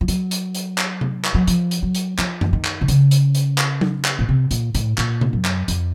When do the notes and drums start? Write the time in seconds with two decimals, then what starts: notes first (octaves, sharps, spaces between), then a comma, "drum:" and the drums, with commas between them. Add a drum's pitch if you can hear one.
0.01 F3
0.08 F#3, drum: hi-hat
0.31 drum: hi-hat
0.55 drum: hi-hat
0.78 drum: clap
1.01 drum: tom C3
1.25 drum: clap
1.34 F#3
1.48 F3, drum: hi-hat
1.71 drum: hi-hat
1.82 F#3
1.95 drum: hi-hat
2.19 F3, drum: clap
2.41 drum: tom F#2
2.53 D#3
2.65 drum: clap
2.81 C3
2.88 C#3, drum: hi-hat
3.11 drum: hi-hat
3.35 drum: hi-hat
3.58 drum: clap
3.81 drum: tom F#3
4.05 drum: clap
4.19 A#2
4.29 C3
4.51 A#2, drum: hi-hat
4.75 A2, drum: hi-hat
4.98 A#2, drum: clap
5.21 drum: tom C3
5.33 F#2
5.45 drum: clap
5.68 F2, drum: hi-hat